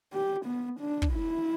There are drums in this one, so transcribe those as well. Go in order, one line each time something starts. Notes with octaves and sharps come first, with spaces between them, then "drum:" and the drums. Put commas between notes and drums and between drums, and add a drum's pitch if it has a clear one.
G4
B3
D4
drum: kick
E4